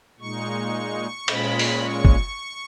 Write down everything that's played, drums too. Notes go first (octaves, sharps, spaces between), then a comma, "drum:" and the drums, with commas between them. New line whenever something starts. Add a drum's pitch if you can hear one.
A#2 G#3 D#4 C#6
A#2 G#3 C#4 B5, drum: cymbal
drum: open hi-hat
C#6
drum: kick